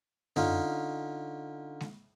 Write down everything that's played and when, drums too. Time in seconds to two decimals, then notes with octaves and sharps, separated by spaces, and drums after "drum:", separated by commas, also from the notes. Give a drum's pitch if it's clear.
0.36 D3 C#4 D#4 F4, drum: tom F#2
1.80 drum: snare G#3